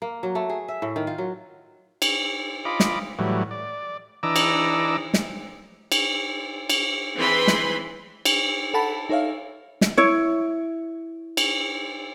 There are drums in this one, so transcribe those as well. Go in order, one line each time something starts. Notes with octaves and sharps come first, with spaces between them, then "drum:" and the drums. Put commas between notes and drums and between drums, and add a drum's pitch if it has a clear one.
A#3
F#3
A3
G#4
E5
A2
D#3
F4
F#3
drum: cymbal
F4 D#5 B5 D6
drum: snare
A2 E3 F#3 G3
D5
E3 D4 D#5 A#5 D6 E6
drum: cymbal
drum: snare
drum: cymbal
drum: cymbal
E3 C4 G#4 B4 B5 C6
drum: snare
drum: cymbal
A4 F#5 A5 B5
D#4 A4 C#5 E5 F5
drum: snare
E4 C#5
drum: cymbal